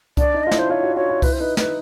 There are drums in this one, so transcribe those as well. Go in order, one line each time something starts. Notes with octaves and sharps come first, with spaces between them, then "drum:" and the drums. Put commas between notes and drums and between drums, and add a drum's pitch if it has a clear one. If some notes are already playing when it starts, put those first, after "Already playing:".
D4 D5, drum: kick C2, hi-hat
D#4
F4 D#5
E4, drum: snare
C5
F4 C#5
F#4
F#4 C#5
F4
E4 B4, drum: kick C2, open hi-hat
C5
D#4 B4
D#4 B4, drum: snare